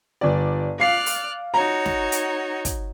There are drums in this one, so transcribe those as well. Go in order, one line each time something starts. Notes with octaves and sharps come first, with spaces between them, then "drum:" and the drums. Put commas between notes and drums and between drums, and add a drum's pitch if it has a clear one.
G1 D5
D5 F5 F6 F#6 C7
drum: open hi-hat
D#4 F#4 C#5 A#5
drum: snare
drum: hi-hat
drum: kick, hi-hat